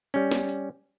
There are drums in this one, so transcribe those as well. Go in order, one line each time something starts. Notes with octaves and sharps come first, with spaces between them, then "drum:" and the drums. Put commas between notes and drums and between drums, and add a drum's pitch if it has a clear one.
G3 C#4, drum: hi-hat
drum: snare
drum: hi-hat